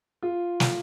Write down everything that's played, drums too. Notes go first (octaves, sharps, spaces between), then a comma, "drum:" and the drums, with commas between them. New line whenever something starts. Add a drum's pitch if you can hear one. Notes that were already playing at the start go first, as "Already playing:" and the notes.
F4
drum: snare